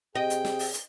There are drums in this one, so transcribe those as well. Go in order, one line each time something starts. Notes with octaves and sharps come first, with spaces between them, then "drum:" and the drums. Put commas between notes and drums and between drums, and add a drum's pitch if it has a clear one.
C3 G#4 D#5 G5
drum: hi-hat
drum: snare
drum: open hi-hat
drum: hi-hat